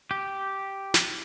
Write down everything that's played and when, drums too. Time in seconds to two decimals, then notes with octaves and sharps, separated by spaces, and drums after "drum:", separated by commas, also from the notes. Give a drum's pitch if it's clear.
0.11 G4
0.94 drum: snare